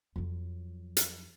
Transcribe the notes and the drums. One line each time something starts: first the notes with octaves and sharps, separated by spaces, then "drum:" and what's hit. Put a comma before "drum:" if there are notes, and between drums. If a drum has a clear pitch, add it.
F2 F#3
drum: hi-hat